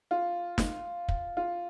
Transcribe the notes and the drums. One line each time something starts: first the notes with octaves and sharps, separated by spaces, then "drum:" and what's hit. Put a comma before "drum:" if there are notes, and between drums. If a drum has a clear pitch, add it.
F4
drum: snare
drum: kick
F4